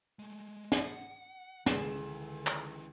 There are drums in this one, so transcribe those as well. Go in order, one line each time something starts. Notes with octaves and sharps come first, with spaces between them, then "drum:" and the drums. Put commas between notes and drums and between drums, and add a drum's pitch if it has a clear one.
G#3 A3
F#5, drum: snare
C#2 D3 D#3 E4 G#4 E7, drum: snare
drum: clap